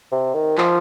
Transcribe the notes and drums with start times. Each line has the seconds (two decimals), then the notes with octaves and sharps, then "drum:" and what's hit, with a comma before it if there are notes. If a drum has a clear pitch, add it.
0.12 C3
0.34 D#3
0.58 F3, drum: clap